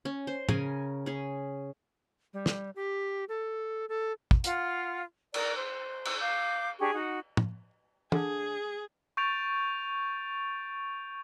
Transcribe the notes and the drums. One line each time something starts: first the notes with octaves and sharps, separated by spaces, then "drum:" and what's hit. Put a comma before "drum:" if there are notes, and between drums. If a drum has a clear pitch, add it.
C#4
C5
C#3 C#4 A#4 G#5, drum: tom
C#4 G#4
G3
drum: snare
G4
A4
A4
drum: kick
F4 F5 F#5, drum: hi-hat
A#4 D5, drum: cymbal
C5
drum: cymbal
F5 D6 G6
D4 G4 G#4 C#6
D#4 F#4 F#5
drum: tom
D3 G#4, drum: tom
C#6 G6 A6 D7 F7